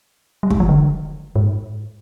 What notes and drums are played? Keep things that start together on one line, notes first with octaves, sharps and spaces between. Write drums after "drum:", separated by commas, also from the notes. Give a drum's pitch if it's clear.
G3
G#3, drum: kick
F3
D3
G#2